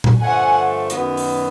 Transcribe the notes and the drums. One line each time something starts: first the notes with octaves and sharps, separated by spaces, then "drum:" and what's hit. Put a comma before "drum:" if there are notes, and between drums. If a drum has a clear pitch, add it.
drum: tom A#2
G2 D3 F3 A3 F#5 G#5
F#2 D#3 F#3 B3, drum: hi-hat
drum: open hi-hat